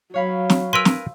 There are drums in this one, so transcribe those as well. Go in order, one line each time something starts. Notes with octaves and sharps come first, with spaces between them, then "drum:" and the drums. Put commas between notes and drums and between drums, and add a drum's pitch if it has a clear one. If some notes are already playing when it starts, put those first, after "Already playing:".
F#3 C#5 F5 B5
drum: snare
A#4 B4 G#5 C6 E6
drum: snare